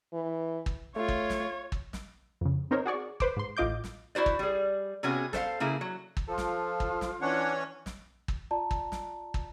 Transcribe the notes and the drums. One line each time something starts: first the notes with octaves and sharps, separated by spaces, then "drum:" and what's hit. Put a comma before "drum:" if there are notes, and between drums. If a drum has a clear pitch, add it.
E3
drum: kick
A3 F4 C#5
drum: kick
drum: snare
drum: kick
drum: snare
F2 C#3
C4 D#4 A#4 C5 C#5
F#4 G#4 D5 C#6
B4 C5 D6, drum: kick
G#2 C6
A1 A2 F4 D#5 D6 G6
drum: snare
E4 F#4 C5 D5
drum: kick
G3 G#4
C3 B3 C#4 F#4 G#4
A4 C5 E5 F5, drum: snare
C#3 A#3 E4 G#4
F#3
drum: kick
F3 F4 A4
drum: snare
drum: kick
drum: snare
E3 C#4 D4 C#5 F#5
drum: snare
drum: kick
F4 D5 A5 A#5
drum: kick
drum: snare
drum: kick